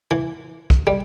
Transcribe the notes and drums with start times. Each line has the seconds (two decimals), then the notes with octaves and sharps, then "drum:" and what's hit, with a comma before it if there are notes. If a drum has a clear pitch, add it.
0.11 E3
0.70 drum: kick
0.87 G3